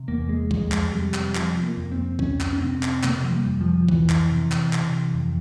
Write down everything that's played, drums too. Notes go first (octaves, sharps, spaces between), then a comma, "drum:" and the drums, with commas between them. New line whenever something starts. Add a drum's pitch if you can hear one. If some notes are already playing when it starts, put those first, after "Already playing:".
Already playing: C3
E2 A#3
G#3
F2 G#3, drum: kick
drum: clap
C3 G3
drum: clap
C3 F3, drum: clap
A#3
F2
C4
F2 C#4, drum: kick
drum: clap
C#4
C3 C4
drum: clap
C3 A#3, drum: clap
F3
G3
F2
F3
F2 E3, drum: kick
drum: clap
C3
drum: clap
C3, drum: clap
F2